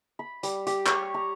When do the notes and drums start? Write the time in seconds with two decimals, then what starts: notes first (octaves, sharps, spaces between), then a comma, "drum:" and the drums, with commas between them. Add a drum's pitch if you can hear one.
0.19 B5
0.43 G3, drum: hi-hat
0.67 G4, drum: hi-hat
0.86 C#5, drum: clap
1.14 A#5